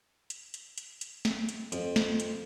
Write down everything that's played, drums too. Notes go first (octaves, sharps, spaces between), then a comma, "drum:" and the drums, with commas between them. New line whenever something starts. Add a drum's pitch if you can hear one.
drum: hi-hat
drum: hi-hat
drum: hi-hat
drum: hi-hat
drum: snare
drum: hi-hat
F2, drum: hi-hat
drum: snare
drum: hi-hat